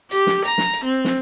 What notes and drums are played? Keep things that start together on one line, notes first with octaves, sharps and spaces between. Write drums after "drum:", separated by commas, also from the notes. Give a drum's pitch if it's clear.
G4, drum: hi-hat
drum: snare
A#5, drum: hi-hat
drum: snare
drum: hi-hat
C4
drum: snare